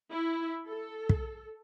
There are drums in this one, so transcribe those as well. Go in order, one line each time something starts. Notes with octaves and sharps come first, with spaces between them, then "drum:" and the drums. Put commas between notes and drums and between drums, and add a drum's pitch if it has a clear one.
E4
A4
drum: kick